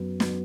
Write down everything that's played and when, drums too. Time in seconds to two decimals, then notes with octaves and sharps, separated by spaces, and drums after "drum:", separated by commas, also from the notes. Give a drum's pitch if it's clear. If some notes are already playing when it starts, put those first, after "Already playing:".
Already playing: F#2 F#3 B3
0.20 F#3 B3, drum: snare